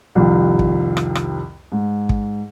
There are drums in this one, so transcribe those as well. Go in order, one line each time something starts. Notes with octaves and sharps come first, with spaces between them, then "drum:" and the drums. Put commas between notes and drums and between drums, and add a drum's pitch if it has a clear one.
C2 F2 C3 D#3 F3
drum: kick
drum: rim click
drum: rim click
G#2
drum: kick